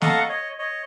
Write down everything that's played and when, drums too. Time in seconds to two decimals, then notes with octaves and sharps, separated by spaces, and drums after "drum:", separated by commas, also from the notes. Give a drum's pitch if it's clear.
0.01 A4 D#5 F5 F#5 A#5 C#6, drum: snare
0.29 C#5 D#5
0.59 C#5 D#5